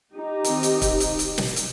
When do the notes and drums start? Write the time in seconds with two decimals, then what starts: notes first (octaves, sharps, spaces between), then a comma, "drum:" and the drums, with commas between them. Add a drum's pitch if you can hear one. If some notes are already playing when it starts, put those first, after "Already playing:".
0.16 D#4 G4
0.44 D#3 C4, drum: hi-hat
0.63 drum: hi-hat
0.82 drum: kick, hi-hat
1.00 drum: hi-hat
1.19 drum: hi-hat
1.38 drum: snare
1.56 drum: hi-hat